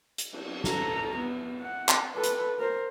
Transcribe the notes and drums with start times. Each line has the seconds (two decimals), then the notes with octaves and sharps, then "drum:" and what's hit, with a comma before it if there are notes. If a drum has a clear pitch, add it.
0.18 drum: hi-hat
0.32 drum: cymbal
0.64 A4 A#5, drum: snare
1.17 B3
1.61 F#5
1.89 drum: clap
2.13 A4 B4
2.23 drum: hi-hat
2.59 A#4 C5